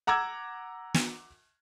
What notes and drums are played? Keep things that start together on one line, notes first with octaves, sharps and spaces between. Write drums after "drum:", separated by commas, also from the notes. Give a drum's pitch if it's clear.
F#5 A#5 D6 E6 G#6
drum: snare